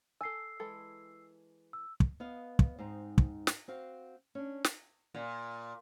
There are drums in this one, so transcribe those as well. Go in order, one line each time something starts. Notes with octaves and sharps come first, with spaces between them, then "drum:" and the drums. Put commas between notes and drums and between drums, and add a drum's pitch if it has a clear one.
A4 G#5 E6 C7
E3 G#3 A4
E6
drum: kick
B3 D#5 F5
drum: kick
G#2 C4 D#4
drum: kick
drum: snare
C4 F#4 F5
C#4 D4
drum: snare
A#2